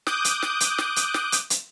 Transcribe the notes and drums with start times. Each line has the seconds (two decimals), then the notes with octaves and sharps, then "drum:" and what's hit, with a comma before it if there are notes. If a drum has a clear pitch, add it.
0.07 D6 D#6 F#6 G6, drum: snare
0.25 drum: hi-hat
0.42 drum: snare
0.60 drum: hi-hat
0.78 drum: snare
0.96 drum: hi-hat
1.14 drum: snare
1.32 drum: hi-hat
1.50 drum: hi-hat